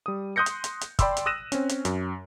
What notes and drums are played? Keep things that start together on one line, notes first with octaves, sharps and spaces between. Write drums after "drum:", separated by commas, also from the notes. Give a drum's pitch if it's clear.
G3 D#6
C6 D#6 F#6 G6 A#6 C#7
drum: hi-hat
drum: hi-hat
drum: hi-hat
D5 G5 B5 C6 D6 E6, drum: kick, hi-hat
drum: hi-hat
D#6 E6 F#6 A#6 D#7 E7
C4 C#4, drum: hi-hat
drum: hi-hat
F#2, drum: hi-hat